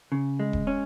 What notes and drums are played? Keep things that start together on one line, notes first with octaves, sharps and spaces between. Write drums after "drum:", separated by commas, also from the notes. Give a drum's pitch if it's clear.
C#3
G#3
drum: kick D#1
C#4